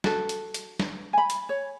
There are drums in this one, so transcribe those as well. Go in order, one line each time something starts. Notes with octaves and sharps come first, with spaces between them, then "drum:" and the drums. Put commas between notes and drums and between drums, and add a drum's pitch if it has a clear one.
F#4 A4, drum: snare
drum: hi-hat
drum: hi-hat
drum: snare
G#5 B5
drum: hi-hat
C#5